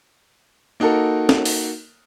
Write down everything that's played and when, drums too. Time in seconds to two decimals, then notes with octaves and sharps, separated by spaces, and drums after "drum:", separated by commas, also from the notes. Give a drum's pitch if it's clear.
0.80 A#3 D#4 F#4 A4 A#4
1.29 drum: snare
1.45 drum: open hi-hat